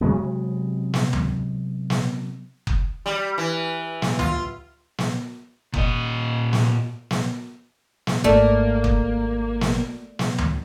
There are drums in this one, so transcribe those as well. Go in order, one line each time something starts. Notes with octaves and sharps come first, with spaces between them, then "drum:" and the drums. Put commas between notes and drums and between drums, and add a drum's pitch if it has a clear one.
C3 F#3 G#3 B3
drum: snare
drum: tom
drum: snare
drum: kick F#1
G3
E3
drum: snare
F4, drum: tom
drum: snare
A#2 D#5, drum: kick F#1
drum: snare
drum: snare
drum: snare
G#1 A3 A#3 D5
drum: kick F#1
drum: snare
drum: snare
drum: tom